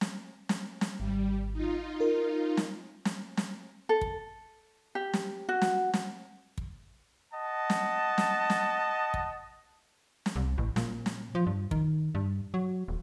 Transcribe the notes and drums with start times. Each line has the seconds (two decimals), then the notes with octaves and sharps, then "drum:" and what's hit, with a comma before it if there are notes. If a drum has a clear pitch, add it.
0.01 drum: snare
0.49 drum: snare
0.81 drum: snare
1.00 G#1 G3
1.53 D#4 F4
2.00 A#4
2.57 drum: snare
3.05 drum: snare
3.37 drum: snare
3.89 A4
4.01 drum: kick
4.95 G4
5.13 drum: snare
5.49 F#4
5.62 drum: snare
5.94 drum: snare
6.58 drum: kick
7.33 D#5 F#5 A5
7.70 drum: snare
8.18 drum: snare
8.50 drum: snare
9.14 drum: kick
10.26 drum: snare
10.36 C2
10.58 A1
10.76 A#2, drum: snare
11.06 drum: snare
11.35 F3
11.47 G2
11.71 D#3, drum: kick
12.15 G2
12.54 F#3
12.88 D#1